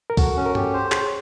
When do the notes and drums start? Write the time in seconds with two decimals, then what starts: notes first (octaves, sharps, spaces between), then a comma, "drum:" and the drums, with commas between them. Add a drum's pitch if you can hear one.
0.10 A#4
0.17 F#4 A4, drum: kick C2, open hi-hat
0.37 C#4
0.46 A#4
0.55 G4 A4, drum: tom G2
0.73 C5
0.92 G#4 C#5, drum: clap